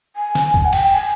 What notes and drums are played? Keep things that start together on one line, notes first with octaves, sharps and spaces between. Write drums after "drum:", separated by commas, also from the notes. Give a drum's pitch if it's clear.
G#5
drum: snare
drum: kick
F#5
G5, drum: cymbal
G#5